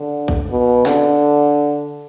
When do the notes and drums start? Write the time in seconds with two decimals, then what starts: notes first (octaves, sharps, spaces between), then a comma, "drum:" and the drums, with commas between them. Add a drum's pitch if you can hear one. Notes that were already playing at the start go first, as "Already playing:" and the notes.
Already playing: D3
0.28 drum: kick
0.50 B2
0.86 D3, drum: snare B3